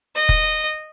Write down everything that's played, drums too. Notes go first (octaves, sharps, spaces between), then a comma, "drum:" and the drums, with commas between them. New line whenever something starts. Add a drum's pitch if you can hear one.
D#5
drum: kick